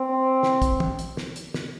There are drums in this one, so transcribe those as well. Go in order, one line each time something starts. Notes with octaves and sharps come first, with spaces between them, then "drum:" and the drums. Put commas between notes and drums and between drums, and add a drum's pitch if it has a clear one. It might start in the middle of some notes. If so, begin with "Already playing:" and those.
Already playing: C4
drum: snare
drum: kick, hi-hat
drum: tom
drum: hi-hat
drum: snare
drum: hi-hat
drum: snare